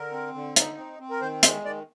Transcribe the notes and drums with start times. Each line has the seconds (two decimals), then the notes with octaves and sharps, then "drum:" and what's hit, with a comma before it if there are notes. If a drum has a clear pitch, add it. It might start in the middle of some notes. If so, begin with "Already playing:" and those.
Already playing: D3 A#4
0.12 C4
0.34 D3
0.56 D#4, drum: hi-hat
0.77 C4
1.00 C4
1.10 A#4
1.21 D#3 C5
1.43 G#3 C5, drum: hi-hat
1.65 D#3 D5